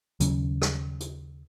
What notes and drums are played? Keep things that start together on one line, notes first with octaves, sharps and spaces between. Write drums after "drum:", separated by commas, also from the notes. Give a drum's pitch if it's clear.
D#2 C#3 F#3 C#4, drum: hi-hat
drum: rim click
drum: hi-hat